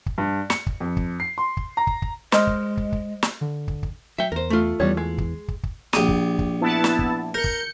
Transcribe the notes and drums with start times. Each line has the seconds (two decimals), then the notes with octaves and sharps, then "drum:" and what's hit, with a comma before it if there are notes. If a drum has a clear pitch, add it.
0.06 drum: kick
0.18 G2
0.50 C#7, drum: snare
0.67 drum: kick
0.80 F2
0.97 drum: kick
1.20 C7
1.38 C6
1.57 drum: kick
1.77 A#5
1.87 drum: kick
2.02 drum: kick
2.32 G#3 C5 D#5 F6, drum: snare
2.47 drum: kick
2.77 drum: kick
2.92 drum: kick
3.23 drum: snare
3.41 D3
3.68 drum: kick
3.83 drum: kick
4.18 F#3 E5 G5
4.32 E2 A#4 C5
4.50 A3 F4
4.80 E2 E3 G3 B3 C#5
4.97 G#3
5.18 drum: kick
5.48 drum: kick
5.63 drum: kick
5.93 A#1 G4 D#6, drum: snare
6.09 drum: kick
6.39 drum: kick
6.61 B3 E4 A5
6.84 drum: snare
6.99 drum: kick
7.34 A#4 G6 C#7
7.44 drum: kick